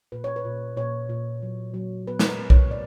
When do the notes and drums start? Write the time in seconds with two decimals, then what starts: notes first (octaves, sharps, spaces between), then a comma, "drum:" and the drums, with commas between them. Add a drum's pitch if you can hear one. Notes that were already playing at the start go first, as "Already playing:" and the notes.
0.12 A#2 B4
0.24 C#5
0.36 B4
0.45 A#2
0.77 A#2 C#5
1.09 A#2
1.42 F#3
1.74 F#3
2.07 B3 B4
2.19 A#4, drum: snare
2.29 B4
2.39 F#3
2.50 C#5, drum: kick B1
2.71 D5